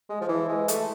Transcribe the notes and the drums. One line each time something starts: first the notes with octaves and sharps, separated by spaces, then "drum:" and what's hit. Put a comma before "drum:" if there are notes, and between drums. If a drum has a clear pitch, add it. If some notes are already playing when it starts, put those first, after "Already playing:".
G#3
F3
E3
G#3
A3, drum: hi-hat